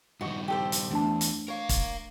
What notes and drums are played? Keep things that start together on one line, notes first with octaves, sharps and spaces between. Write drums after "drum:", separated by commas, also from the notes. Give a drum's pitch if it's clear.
G2 D#3 F#4 D#5
G4 A4 C5
drum: hi-hat
E2 A3 D4 A5
drum: hi-hat
A#4 C#5 F5
drum: kick, hi-hat